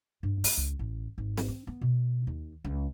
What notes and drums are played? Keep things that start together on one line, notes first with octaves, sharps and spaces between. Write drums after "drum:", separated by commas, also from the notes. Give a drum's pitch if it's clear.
G2
A#3, drum: open hi-hat
C#2
A1
G#1
drum: snare
C4
B3
B2
D#2
C#2